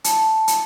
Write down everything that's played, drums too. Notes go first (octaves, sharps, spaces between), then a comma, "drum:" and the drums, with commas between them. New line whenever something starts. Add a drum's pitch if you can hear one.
A5, drum: hi-hat
drum: hi-hat